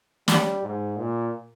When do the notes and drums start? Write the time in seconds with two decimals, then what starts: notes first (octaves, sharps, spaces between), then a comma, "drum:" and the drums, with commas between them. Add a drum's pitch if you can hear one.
0.28 G3, drum: snare
0.63 G#2
0.97 A#2